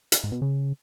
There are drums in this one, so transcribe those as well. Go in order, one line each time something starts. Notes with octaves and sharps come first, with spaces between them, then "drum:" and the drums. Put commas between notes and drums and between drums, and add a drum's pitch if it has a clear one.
drum: hi-hat
G#2
B2
C#3